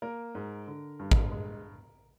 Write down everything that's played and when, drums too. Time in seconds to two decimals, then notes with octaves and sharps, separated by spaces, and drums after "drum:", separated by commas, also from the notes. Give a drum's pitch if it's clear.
0.02 A#3 A#4
0.35 G#2
0.67 D3
0.99 G2
1.11 drum: kick
1.31 G#3